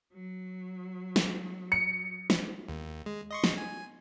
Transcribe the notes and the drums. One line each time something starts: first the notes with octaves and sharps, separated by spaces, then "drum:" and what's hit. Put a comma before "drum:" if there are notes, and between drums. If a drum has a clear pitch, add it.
F#3
drum: snare
C#7
drum: snare
D#2
G#3
D#5 C6 C#6
drum: snare
G#5